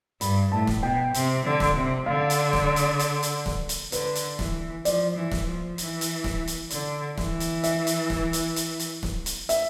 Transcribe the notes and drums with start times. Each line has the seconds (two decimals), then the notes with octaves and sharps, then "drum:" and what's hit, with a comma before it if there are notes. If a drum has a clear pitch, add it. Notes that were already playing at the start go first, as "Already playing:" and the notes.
0.21 G2 B5, drum: hi-hat
0.52 A2 A5
0.67 drum: snare
0.83 B2 G5
1.14 C3, drum: hi-hat
1.45 D3
1.60 drum: snare
1.76 C3
2.06 D3 F5
2.30 drum: hi-hat
2.53 drum: snare
2.76 drum: hi-hat
2.99 drum: hi-hat
3.23 drum: hi-hat
3.46 drum: snare
3.69 drum: hi-hat
3.92 D3 B4, drum: hi-hat
4.15 drum: hi-hat
4.39 E3, drum: snare
4.85 F3 D5, drum: hi-hat
5.16 E3
5.31 drum: snare
5.47 F3
5.78 E3, drum: hi-hat
6.01 drum: hi-hat
6.24 drum: snare
6.47 drum: hi-hat
6.70 D3, drum: hi-hat
7.17 E3, drum: snare
7.40 drum: hi-hat
7.64 E5, drum: hi-hat
7.87 drum: hi-hat
8.10 drum: snare
8.33 drum: hi-hat
8.56 drum: hi-hat
8.79 drum: hi-hat
9.03 drum: snare
9.26 drum: hi-hat
9.49 E5, drum: hi-hat